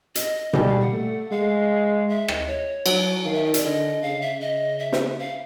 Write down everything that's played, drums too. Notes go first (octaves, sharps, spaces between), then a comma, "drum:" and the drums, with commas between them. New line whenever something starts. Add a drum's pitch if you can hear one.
D#5, drum: hi-hat
G3 D#5, drum: tom B2
F5
F#5
A3
G#3 F5
E5
D#5, drum: rim click
C#5
F#3, drum: cymbal
D#3 F5
E5
D#5
D5, drum: hi-hat
D3 D#5
C#3 F5
E5
C#3 D#5
E5
drum: snare
F5